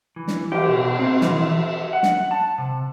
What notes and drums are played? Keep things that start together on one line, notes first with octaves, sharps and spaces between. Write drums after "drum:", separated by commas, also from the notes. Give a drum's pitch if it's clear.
E3
drum: snare
G4, drum: cymbal
B2
C4
E3, drum: snare
E5
F#5
drum: snare
A5
C3